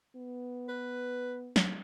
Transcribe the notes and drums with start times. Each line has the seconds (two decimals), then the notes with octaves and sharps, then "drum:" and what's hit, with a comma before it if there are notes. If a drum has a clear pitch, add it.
0.16 B3
0.69 B4
1.56 drum: snare